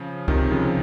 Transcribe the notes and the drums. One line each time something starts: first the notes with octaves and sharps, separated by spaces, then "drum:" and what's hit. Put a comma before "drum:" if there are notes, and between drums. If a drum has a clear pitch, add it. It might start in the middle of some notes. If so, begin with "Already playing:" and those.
Already playing: C#3 F3
C3 D#3, drum: kick
C#3 F3